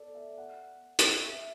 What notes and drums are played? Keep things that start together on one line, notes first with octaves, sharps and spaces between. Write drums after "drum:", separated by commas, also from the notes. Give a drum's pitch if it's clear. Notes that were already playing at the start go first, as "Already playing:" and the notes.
Already playing: A4 D5
E5
F#5
drum: hi-hat
E5